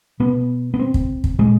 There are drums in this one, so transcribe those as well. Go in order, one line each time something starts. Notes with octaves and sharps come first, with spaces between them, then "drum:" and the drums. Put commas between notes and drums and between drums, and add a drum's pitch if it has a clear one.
B2 B3
B3
C4
drum: kick
drum: kick
A#2 G#3